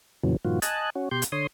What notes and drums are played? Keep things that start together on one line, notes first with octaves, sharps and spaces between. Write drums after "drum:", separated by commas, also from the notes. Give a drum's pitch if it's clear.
F2 A#2 C#3 E3 F#3
G2 A#2 D#3 F3 F4 F#4
D#5 G#5 A5 F#6, drum: hi-hat
C#4 F#4
B2 G4 C6 G6
drum: hi-hat
D3 C#5 C6 D#6